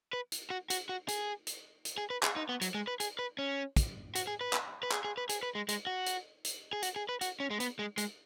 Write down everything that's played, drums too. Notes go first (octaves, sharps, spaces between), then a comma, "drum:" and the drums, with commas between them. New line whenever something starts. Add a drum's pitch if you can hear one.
B4
drum: hi-hat
F#4
F#4, drum: hi-hat
F#4
G#4, drum: hi-hat
drum: hi-hat
drum: hi-hat
G#4
B4
G#4, drum: clap
D#4
B3
F#3, drum: hi-hat
G#3
B4
G#4, drum: hi-hat
B4
C#4
drum: kick, hi-hat
F#4, drum: hi-hat
G#4
B4
drum: clap
B4
G#4, drum: clap
G#4
B4
G#4, drum: hi-hat
B4
G#3
G#3, drum: hi-hat
F#4
drum: hi-hat
drum: hi-hat
G#4
F#4, drum: hi-hat
G#4
B4
F#4, drum: hi-hat
C#4
G#3
B3, drum: hi-hat
G#3
G#3, drum: hi-hat